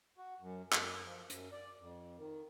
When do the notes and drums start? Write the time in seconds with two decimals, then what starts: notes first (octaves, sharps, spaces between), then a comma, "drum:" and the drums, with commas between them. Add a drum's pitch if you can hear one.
0.18 F#4
0.40 F#2
0.72 F#2, drum: clap
1.05 F3
1.30 F#2, drum: hi-hat
1.52 D5
1.80 F2
2.18 D#3